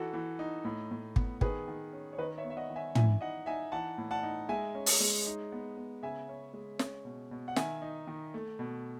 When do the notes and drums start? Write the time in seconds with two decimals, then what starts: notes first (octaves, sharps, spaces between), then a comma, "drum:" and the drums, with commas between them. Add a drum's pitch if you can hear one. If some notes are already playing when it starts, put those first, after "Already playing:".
Already playing: E3 D#4 F#4 A4
0.13 E3
0.39 D#4
0.65 A2
0.91 A2
1.16 B3, drum: kick
1.41 D#3 G#4 B4, drum: kick
1.68 D#3
1.93 C#4
2.13 C#5
2.18 D#3 B4 D#5
2.38 C#5 E5
2.44 B3
2.50 E5
2.57 D#5 F#5
2.70 D#3
2.76 E5 G#5
2.95 E3 E5 G#5, drum: tom
3.21 D#4 D#5 F#5
3.46 D#4 E5 G#5
3.72 E3 F#5 A5
3.98 A2
4.11 F#5 A5
4.23 D#4
4.49 G#3 E5 G#5
4.75 C#4
4.86 drum: open hi-hat
5.00 G#3
5.26 D#4
5.52 B3
5.77 B3
6.03 C#3 E5 G#5
6.29 C#4
6.54 G#3
6.79 C#4, drum: snare
7.05 B2
7.31 B2
7.48 F#5
7.56 D#3 E5 G#5, drum: snare
7.82 D#4
8.07 D#3
8.34 A3
8.59 B2